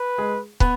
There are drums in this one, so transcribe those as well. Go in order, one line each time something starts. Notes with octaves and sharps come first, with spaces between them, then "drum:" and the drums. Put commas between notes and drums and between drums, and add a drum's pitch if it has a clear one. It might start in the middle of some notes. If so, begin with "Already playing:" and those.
Already playing: B4
G#3 G#4
B3 B4, drum: kick